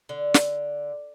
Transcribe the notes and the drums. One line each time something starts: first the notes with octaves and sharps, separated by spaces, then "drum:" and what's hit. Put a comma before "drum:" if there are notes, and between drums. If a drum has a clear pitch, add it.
D3
drum: snare